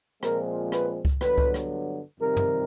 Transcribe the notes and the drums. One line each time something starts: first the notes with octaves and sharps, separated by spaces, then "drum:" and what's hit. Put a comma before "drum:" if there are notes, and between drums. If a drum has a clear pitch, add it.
A#2 F3 G#3 C4 A#4, drum: rim click
B4, drum: rim click
drum: kick C#2
G2 D3 F#3 B3 B4, drum: rim click
drum: kick C#2
drum: rim click
F2 C3 D#3 G3 A#4
drum: tom